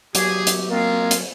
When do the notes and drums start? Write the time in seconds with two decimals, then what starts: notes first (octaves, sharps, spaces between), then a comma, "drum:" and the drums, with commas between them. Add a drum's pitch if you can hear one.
0.15 F#3 G4 G#4, drum: hi-hat
0.47 drum: hi-hat
0.71 G#3 A#3 C4 F4
1.11 drum: hi-hat